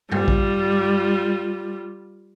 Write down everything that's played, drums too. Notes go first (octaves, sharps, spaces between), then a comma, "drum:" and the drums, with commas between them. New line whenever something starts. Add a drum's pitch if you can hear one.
G3 F4, drum: tom G2
drum: kick